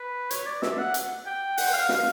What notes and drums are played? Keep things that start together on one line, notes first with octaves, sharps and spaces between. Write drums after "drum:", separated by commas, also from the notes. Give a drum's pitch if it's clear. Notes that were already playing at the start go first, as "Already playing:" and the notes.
Already playing: B4
C#5, drum: hi-hat
D5
E5, drum: snare
F#5
drum: hi-hat
G5
F#5, drum: open hi-hat
F5
F5, drum: snare